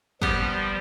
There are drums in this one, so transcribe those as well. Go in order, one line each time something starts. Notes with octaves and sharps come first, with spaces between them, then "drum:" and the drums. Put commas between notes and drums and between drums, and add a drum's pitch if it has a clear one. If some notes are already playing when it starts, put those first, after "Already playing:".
F3 G3 B3 G4, drum: kick